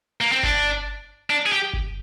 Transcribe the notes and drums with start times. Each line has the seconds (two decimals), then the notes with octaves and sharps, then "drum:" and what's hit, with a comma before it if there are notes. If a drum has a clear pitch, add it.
0.21 A#3
0.32 C4
0.43 D4, drum: kick G1
1.30 D4
1.46 G#4
1.52 G4
1.73 drum: kick G1